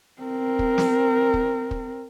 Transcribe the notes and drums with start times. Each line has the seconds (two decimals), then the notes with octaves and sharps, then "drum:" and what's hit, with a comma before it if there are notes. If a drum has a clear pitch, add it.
0.22 C4 A#4
0.59 drum: kick
0.78 drum: snare
1.34 drum: kick
1.71 drum: kick